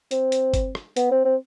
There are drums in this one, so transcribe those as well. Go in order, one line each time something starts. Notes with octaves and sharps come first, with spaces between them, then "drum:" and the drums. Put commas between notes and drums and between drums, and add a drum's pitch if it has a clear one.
C4, drum: hi-hat
drum: hi-hat
drum: kick G1, hi-hat
drum: rim click
B3, drum: hi-hat
C4
C4